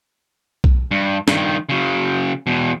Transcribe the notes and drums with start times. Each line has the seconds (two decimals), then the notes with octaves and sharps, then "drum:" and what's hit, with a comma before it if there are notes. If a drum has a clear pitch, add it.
0.64 drum: kick B1
0.91 G2
1.28 G2 D#3, drum: snare
1.69 C#3 F#3
2.47 E2 B2